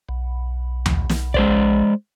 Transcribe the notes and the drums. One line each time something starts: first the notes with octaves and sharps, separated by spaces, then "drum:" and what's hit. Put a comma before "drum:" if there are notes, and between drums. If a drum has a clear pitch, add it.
B1
drum: tom D#2
drum: snare
G#3 C5 D5, drum: kick